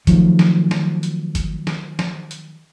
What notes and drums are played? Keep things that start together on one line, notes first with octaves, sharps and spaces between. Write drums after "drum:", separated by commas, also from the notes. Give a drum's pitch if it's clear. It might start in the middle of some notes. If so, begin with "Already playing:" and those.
D#3 F3 F#3 A3, drum: kick G1, hi-hat
drum: snare
drum: snare
drum: hi-hat
drum: kick G1, hi-hat
drum: snare
drum: snare
drum: hi-hat